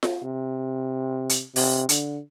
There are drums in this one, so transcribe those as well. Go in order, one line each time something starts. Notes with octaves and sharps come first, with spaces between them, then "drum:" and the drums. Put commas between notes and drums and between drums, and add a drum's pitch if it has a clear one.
drum: snare F4
C3
drum: hi-hat
C3, drum: open hi-hat
D3, drum: hi-hat